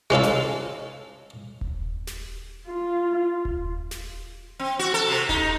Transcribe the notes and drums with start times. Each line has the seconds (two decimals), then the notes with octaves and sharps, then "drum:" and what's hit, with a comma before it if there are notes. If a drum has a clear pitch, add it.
0.10 G#3 C#4 F4 A4
0.23 drum: snare
1.61 drum: kick D#1
2.07 drum: snare
2.68 F4
3.45 drum: kick D#1
3.91 drum: snare
4.60 C4
4.79 F#4
4.94 A4
5.08 C3
5.29 D#4, drum: kick D#1